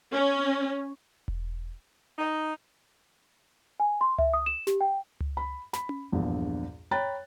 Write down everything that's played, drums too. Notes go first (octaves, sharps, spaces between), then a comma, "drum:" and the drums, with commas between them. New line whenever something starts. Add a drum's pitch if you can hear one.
C#4
drum: kick E1
D#4
G#5
C6
E5, drum: tom C#2
D#6
E7
G4, drum: snare
G5
drum: tom C#2
B5
B5, drum: snare
drum: tom C#4
A#1 E2 G2
C#5 G5 A#5 B5 F#6 A6